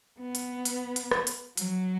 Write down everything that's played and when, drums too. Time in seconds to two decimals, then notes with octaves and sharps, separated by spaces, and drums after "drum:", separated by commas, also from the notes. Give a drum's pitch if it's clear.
0.20 B3
0.35 drum: hi-hat
0.65 drum: hi-hat
0.96 drum: hi-hat
1.11 drum: rim click
1.27 drum: hi-hat
1.57 F#3, drum: hi-hat